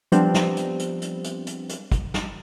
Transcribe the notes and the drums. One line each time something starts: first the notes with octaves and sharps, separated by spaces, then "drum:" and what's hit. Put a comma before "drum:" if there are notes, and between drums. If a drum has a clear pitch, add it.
F3 G3 B3 C4 D4, drum: hi-hat
drum: snare
drum: hi-hat
drum: hi-hat
drum: hi-hat
drum: hi-hat
drum: hi-hat
drum: hi-hat
drum: kick, hi-hat
drum: snare